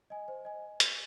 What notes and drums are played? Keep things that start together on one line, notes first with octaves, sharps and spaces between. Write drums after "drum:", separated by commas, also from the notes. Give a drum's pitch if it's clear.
D#5 G#5
C5
D#5 G#5
drum: hi-hat